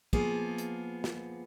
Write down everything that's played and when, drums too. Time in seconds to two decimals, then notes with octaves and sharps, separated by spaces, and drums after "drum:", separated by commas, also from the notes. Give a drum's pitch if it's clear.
0.13 F3 A#3 B3 G#4, drum: kick
0.58 drum: hi-hat
1.04 drum: snare